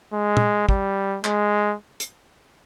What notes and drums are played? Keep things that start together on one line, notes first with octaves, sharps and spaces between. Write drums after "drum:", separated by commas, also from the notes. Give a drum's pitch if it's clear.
G#3
drum: tom
G3, drum: kick
G#3, drum: clap
drum: hi-hat